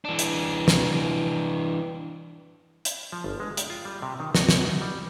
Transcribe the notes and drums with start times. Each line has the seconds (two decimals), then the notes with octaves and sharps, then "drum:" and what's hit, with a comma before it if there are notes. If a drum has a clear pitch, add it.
0.05 E3 D4
0.19 drum: hi-hat
0.68 drum: snare
2.85 drum: hi-hat
3.12 F3
3.24 G1
3.40 G#3
3.57 G5, drum: hi-hat
3.70 F4
3.85 G3
4.02 C3
4.20 D#3
4.35 F#4, drum: snare
4.49 F#2, drum: snare
4.65 D#4
4.81 G3